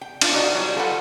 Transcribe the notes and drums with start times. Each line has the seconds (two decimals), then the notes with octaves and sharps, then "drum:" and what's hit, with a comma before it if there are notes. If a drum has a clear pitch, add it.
0.01 G5
0.21 D4 F4, drum: cymbal
0.33 D4 D#4 F#4 D#5
0.55 F#3 G3
0.75 F4 A4 B4 F#5